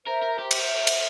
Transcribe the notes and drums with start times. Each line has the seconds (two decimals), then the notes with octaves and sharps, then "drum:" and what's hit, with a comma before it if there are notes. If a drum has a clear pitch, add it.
0.06 A#4 C5 E5
0.22 A#4
0.39 G4
0.51 drum: cymbal
0.87 drum: cymbal